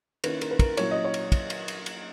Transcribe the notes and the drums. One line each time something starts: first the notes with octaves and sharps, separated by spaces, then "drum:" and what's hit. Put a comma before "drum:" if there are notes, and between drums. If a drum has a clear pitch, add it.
D#3 A#3 C#4 E4 B4, drum: cymbal
A#4, drum: cymbal
B4
A#4, drum: kick, cymbal
A#2 F#3 C#4 E4 C#5, drum: cymbal
D#5
C#5
drum: cymbal
drum: kick, cymbal
drum: cymbal
drum: cymbal
drum: cymbal